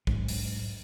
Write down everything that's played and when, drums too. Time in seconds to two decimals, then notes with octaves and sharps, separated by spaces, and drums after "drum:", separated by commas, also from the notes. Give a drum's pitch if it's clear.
0.07 G#2 F#3, drum: kick
0.28 drum: open hi-hat